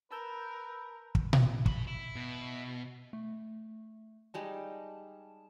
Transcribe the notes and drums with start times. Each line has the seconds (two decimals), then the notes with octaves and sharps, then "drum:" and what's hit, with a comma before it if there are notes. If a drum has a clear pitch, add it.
0.11 A#4 B4 A5 E6 G6
1.15 drum: kick
1.33 drum: tom A#2
1.66 F#4 B5, drum: kick
1.88 E4
2.16 B2
3.13 A3
4.34 G3 G#3 D#4 A5